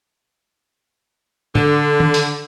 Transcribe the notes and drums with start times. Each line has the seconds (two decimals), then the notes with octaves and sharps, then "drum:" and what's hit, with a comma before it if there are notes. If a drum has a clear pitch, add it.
1.55 D3, drum: tom G#2
2.00 drum: tom
2.14 drum: open hi-hat